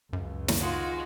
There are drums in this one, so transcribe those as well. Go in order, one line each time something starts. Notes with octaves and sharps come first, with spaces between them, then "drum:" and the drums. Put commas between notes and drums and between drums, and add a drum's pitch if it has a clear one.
C#2 F#2 C#3
drum: snare
D#3 G#3 F4 F#4